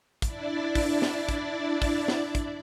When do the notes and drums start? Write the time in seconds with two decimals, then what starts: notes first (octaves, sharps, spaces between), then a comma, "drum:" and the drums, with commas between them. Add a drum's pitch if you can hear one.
0.22 D4 E4 D5, drum: kick, hi-hat
0.75 drum: kick, open hi-hat
1.02 drum: snare
1.29 drum: kick, hi-hat
1.82 drum: kick, open hi-hat
2.08 drum: snare
2.35 drum: kick, hi-hat